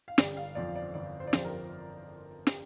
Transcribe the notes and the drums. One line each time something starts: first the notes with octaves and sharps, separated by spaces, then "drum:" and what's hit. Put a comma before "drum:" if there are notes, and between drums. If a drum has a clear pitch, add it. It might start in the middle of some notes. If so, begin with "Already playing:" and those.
F5
G1 D5, drum: snare
F5
F2 F3 C4 D5
D5
G1 D5
C5
D5
F2 F3 C4 C5, drum: snare
A#4
drum: snare